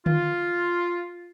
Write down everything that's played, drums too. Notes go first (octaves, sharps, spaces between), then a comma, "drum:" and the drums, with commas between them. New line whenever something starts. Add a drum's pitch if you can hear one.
F4, drum: tom D3